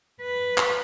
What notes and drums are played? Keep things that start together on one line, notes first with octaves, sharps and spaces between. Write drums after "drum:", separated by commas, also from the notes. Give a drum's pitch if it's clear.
B4
drum: clap